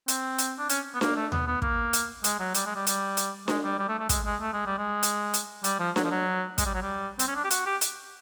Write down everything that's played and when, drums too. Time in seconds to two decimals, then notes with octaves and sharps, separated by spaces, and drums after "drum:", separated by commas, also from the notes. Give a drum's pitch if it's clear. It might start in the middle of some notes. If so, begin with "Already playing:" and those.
0.08 C4, drum: hi-hat
0.39 drum: hi-hat
0.58 D4
0.70 C#4, drum: hi-hat
0.95 B3
1.01 A#3, drum: snare D4
1.16 A3
1.32 B3, drum: tom D#2
1.47 B3
1.62 A#3, drum: kick
1.93 drum: hi-hat
2.24 G#3, drum: hi-hat
2.40 F#3
2.55 G3, drum: hi-hat
2.66 G#3
2.76 G3
2.87 G3, drum: hi-hat
3.17 drum: hi-hat
3.48 G#3, drum: snare D4
3.64 G3
3.79 G3
3.89 A3
3.99 A3
4.09 G#3, drum: kick, hi-hat
4.25 G#3
4.41 A3
4.53 G#3
4.66 G3
4.78 G#3
5.03 drum: hi-hat
5.34 drum: hi-hat
5.64 G3, drum: hi-hat
5.80 F3
5.96 F#3, drum: snare D4
6.04 F3
6.11 F#3
6.58 G#3, drum: kick, hi-hat
6.66 G3
6.74 F#3
6.82 G3
7.19 C4, drum: hi-hat
7.28 C#4
7.35 D4
7.44 G4
7.51 F#4, drum: hi-hat
7.66 G4
7.81 drum: hi-hat